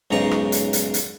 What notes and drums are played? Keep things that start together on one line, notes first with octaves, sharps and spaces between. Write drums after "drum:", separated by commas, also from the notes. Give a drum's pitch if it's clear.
B1 G#2 C#3 A#5 C#6
drum: rim click
drum: hi-hat
drum: hi-hat
drum: hi-hat